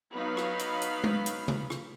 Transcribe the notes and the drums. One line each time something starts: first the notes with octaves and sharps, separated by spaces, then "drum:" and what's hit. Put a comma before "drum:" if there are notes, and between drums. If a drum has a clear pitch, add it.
F#3 B3 D#4 F5 B5
drum: rim click
drum: hi-hat
drum: hi-hat
drum: tom G#3
drum: hi-hat
drum: tom C3
drum: rim click